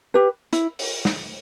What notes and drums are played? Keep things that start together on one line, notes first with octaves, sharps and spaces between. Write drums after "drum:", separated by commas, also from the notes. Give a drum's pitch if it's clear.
G4 B4
E4, drum: hi-hat
drum: open hi-hat
drum: snare